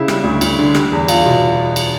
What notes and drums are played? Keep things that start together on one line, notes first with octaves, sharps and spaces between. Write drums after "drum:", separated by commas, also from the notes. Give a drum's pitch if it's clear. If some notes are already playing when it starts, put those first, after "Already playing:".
Already playing: C#3 E4
G3, drum: rim click
D2
D2, drum: cymbal
D3
G3, drum: rim click
E2
E2 F4, drum: cymbal
B2
drum: cymbal